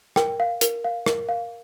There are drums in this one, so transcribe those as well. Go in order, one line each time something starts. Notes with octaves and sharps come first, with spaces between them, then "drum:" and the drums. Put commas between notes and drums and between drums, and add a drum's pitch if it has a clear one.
A#4 G5, drum: rim click
F5
A#4, drum: hi-hat
F5
A#4, drum: rim click
F5